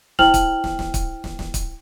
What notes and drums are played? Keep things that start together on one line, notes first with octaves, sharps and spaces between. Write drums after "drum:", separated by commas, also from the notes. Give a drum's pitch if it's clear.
E4 C5 G5 F6 F7 F#7, drum: snare
drum: kick, hi-hat
drum: snare
drum: snare
drum: kick, hi-hat
drum: snare
drum: snare
drum: kick, hi-hat